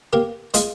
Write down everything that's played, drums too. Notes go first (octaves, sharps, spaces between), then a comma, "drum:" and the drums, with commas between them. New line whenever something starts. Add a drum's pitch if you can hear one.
A#3 G4 A#4
G#3 F4 G#4, drum: hi-hat